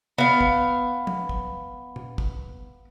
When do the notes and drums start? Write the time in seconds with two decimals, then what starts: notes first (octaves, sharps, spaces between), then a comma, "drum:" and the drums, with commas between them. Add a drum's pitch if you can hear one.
0.18 B3 F5, drum: tom C3
0.41 drum: kick
1.07 drum: tom
1.29 drum: kick
1.96 drum: tom A#2
2.18 drum: kick